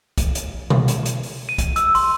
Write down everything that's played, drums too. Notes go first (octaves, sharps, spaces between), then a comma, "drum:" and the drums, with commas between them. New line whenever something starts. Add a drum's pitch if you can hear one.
drum: kick, hi-hat
drum: hi-hat
drum: tom B2
drum: hi-hat
drum: hi-hat
drum: open hi-hat
D#7
drum: kick, hi-hat
E6, drum: hi-hat
C6, drum: open hi-hat